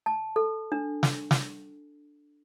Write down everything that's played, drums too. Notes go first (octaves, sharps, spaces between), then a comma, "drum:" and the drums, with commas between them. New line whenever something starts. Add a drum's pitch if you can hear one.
A5
A4
D4
drum: snare
drum: snare